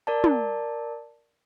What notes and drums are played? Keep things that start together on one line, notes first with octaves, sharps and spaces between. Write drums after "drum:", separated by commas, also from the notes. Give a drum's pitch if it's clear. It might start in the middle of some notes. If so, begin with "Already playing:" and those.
A#4 D5 A5
drum: tom